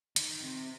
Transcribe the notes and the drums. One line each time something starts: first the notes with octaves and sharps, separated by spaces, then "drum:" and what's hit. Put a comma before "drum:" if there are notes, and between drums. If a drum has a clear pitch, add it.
D#3, drum: hi-hat
C3